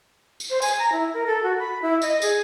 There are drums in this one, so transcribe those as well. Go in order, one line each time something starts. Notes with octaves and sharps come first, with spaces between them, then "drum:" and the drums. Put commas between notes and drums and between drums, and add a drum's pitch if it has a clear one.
drum: tambourine
C5
G#5, drum: tambourine
A#5
E4
A#4
A4
F#4
B5
E4
D#5, drum: tambourine
G#4, drum: tambourine